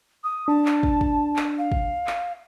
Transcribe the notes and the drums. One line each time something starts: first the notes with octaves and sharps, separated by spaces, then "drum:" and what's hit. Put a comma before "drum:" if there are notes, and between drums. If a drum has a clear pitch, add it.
D#6
D4 A5
drum: clap
drum: kick
drum: kick
drum: clap
F5
drum: kick
drum: clap